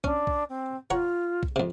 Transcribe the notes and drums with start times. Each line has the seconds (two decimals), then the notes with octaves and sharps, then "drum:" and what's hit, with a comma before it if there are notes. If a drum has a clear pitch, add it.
0.04 C#4 D4, drum: kick B1
0.27 drum: kick B1
0.49 C4
0.90 F4 C#5 F#5 A#5
1.43 drum: kick B1
1.56 F2 C3